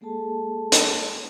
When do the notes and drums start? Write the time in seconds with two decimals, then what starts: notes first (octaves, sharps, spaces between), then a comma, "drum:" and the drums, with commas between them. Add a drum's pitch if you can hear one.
0.01 G#3 A#3 G#4 A4 A5
0.72 drum: hi-hat